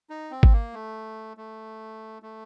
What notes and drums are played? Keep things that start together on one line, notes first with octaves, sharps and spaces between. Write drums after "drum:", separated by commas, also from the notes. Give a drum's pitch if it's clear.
D#4
C4
drum: kick G#1
A#3
A3
A3
A3